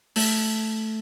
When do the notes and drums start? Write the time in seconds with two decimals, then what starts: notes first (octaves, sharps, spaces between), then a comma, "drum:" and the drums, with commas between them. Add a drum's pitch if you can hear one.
0.16 A3, drum: open hi-hat